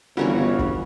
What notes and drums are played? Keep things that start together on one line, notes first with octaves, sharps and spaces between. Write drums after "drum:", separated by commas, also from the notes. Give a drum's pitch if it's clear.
G1 C#3 E3 F#4 A#4 C#5
drum: kick